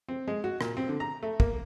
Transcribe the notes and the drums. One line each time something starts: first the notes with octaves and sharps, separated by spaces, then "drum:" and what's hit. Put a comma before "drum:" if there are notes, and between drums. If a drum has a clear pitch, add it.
C4
G#3
F#4
A#2, drum: rim click
C4
D3
A#5
A3
A#3, drum: kick